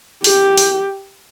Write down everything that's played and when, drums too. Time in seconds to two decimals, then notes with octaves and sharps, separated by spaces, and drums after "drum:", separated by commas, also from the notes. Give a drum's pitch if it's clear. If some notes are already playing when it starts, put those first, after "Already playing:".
0.24 G4, drum: open hi-hat
0.57 drum: open hi-hat